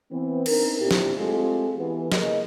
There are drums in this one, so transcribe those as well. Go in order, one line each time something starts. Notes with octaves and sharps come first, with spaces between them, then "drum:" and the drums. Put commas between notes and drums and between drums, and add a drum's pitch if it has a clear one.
E3 B3 C4
C4 D4 D#4 A#4, drum: cymbal
A#2 C4 D4 E4 G4
drum: snare
G#3 A3 C4 F4 G4 A4
E3 B3
C#3 A#3 G#4 A#4 D#5, drum: snare